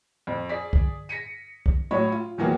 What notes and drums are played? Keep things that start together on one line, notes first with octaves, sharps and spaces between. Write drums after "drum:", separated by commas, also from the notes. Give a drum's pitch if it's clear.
F2
G#4 D5 B6
drum: kick
A#6 B6 C#7 D#7
drum: kick
A2 F#3 C#5 B5
F4
E2 D#3 E3 F#3 A#3 B3